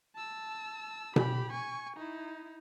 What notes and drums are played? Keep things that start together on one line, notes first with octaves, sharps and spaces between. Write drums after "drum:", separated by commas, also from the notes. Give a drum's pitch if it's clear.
A5 E6
G4 B5, drum: tom B2
G#5 C#6
D#4 E4